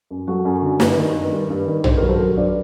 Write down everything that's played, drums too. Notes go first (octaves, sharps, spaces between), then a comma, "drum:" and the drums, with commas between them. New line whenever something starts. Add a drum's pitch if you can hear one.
F#2
F#3 F#4 A4
F#2
D3
G2, drum: snare
D#3
G2
G3
G2
D#3
G2 C5, drum: tom
A#4
F#3
A4 C5
F#3
G2 A#4 D5